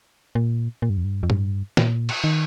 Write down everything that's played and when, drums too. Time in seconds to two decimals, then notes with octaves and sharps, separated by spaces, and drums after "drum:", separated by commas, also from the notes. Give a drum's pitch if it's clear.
0.35 A#2
0.82 A#2
0.90 G2
0.97 F2
1.04 G2
1.23 F2
1.30 G2, drum: tom
1.77 A#2, drum: snare
2.09 drum: cymbal
2.24 D#3